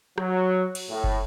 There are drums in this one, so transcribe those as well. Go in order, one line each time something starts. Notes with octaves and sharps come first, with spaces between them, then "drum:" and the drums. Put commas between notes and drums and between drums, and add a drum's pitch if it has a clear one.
F#3, drum: rim click
drum: cymbal
A2
drum: kick